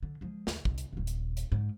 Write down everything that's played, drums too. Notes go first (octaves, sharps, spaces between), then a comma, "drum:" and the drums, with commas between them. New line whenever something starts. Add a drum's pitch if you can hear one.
D3
F3 G#3
D#2, drum: snare
C2, drum: kick
drum: hi-hat
D#1 A#1
drum: hi-hat
drum: hi-hat
G#2